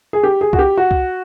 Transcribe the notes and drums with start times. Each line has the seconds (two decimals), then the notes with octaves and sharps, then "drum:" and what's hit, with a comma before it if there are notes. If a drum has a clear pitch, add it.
0.13 G#4
0.23 G4
0.41 G#4
0.53 F#4, drum: kick C2
0.59 G4
0.77 F#4
0.91 drum: kick C2